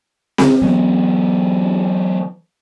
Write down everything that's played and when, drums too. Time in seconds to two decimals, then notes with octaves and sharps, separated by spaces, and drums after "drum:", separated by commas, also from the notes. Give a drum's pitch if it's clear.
0.38 drum: snare C4
0.62 E3 F#3 B3